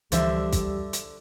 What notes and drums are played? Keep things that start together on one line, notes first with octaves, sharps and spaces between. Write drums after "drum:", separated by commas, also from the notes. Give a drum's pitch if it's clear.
C#2 D3 E3 F3 G3 C5 E5, drum: hi-hat
drum: kick, hi-hat
drum: hi-hat